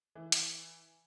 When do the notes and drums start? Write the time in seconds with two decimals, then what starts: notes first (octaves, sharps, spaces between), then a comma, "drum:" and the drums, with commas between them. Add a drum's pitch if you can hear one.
0.15 E3
0.32 drum: hi-hat